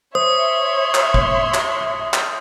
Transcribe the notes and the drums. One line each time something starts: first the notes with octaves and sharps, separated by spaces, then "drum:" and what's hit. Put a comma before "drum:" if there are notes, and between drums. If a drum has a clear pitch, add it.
C5 C#5 E5 C6 D#6
drum: clap
drum: kick F#1
drum: clap
drum: clap